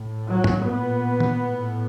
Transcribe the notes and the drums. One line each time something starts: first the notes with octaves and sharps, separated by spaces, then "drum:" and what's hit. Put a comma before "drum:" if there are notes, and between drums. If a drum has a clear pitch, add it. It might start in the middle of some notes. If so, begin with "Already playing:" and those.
Already playing: A2
F#3
drum: tom
A#2 B3
drum: tom
A2